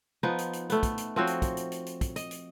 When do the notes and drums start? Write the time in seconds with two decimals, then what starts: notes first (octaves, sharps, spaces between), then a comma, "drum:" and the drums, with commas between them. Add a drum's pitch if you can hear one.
0.23 F3 B3 D#4
0.38 drum: hi-hat
0.53 drum: hi-hat
0.70 A3 B3, drum: hi-hat
0.83 drum: kick, hi-hat
0.98 drum: hi-hat
1.16 F3 C4 F#4 C#5
1.27 drum: hi-hat
1.42 drum: kick, hi-hat
1.57 drum: hi-hat
1.72 drum: hi-hat
1.86 drum: hi-hat
2.01 drum: kick, hi-hat
2.16 D#5, drum: hi-hat
2.31 drum: hi-hat